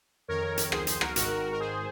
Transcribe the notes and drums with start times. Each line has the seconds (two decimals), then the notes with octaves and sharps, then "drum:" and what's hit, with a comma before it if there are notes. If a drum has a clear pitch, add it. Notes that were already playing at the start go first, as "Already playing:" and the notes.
0.28 F2 D#3 A#4 C#5
0.58 drum: hi-hat
0.72 G#4 C5, drum: rim click
0.87 G#4 C5, drum: hi-hat
1.01 F#4 A#4, drum: rim click
1.16 G#1 G#2 D#3 F#4 A#4, drum: hi-hat
1.52 A#4
1.60 G#4 C5